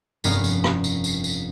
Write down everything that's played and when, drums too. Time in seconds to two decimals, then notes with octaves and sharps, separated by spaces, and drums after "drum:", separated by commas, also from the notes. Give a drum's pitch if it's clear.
0.24 F1 G2 B3 C#4 A#4 F5, drum: tambourine
0.44 drum: tambourine
0.64 drum: rim click
0.84 drum: tambourine
1.04 drum: tambourine
1.24 drum: tambourine